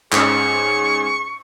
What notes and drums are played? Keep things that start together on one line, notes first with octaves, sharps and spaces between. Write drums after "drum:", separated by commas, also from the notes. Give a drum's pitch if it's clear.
G#2 C#4 G#4 C#6, drum: clap